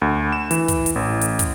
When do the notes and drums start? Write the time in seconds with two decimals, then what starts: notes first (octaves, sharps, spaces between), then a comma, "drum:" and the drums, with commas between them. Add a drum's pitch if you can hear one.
0.02 D2
0.32 E7
0.51 E3, drum: hi-hat
0.68 drum: kick, hi-hat
0.86 drum: hi-hat
0.96 A1
1.21 drum: hi-hat
1.39 drum: kick, hi-hat